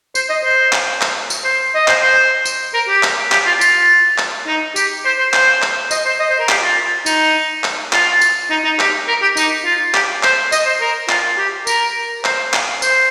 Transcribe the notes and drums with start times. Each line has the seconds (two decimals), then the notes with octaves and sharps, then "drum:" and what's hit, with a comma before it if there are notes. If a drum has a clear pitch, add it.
0.15 C5, drum: tambourine
0.30 D#5
0.44 C5
0.73 drum: clap
1.01 drum: clap
1.30 drum: tambourine
1.45 C5
1.75 D#5
1.88 C5, drum: clap
2.03 C5
2.45 drum: tambourine
2.74 A#4
2.89 G4
3.03 drum: clap
3.32 G4, drum: clap
3.46 F4
3.61 F4, drum: tambourine
4.18 drum: clap
4.47 D#4
4.76 G4, drum: tambourine
5.05 C5
5.19 C5
5.34 C5, drum: clap
5.62 drum: clap
5.91 D#5, drum: tambourine
6.06 C5
6.19 D#5
6.30 C5
6.39 A#4
6.49 G4, drum: clap
6.63 F4
7.06 D#4, drum: tambourine
7.64 drum: clap
7.93 F4, drum: clap
8.21 drum: tambourine
8.50 D#4
8.65 D#4
8.80 G4, drum: clap
9.08 A#4
9.22 G4
9.37 D#4, drum: tambourine
9.65 F4
9.94 G4, drum: clap
10.23 C5, drum: clap
10.52 D#5, drum: tambourine
10.66 C5
10.81 A#4
11.09 F4, drum: clap
11.38 G4
11.67 A#4, drum: tambourine
12.25 C5, drum: clap
12.53 drum: clap
12.82 C5, drum: tambourine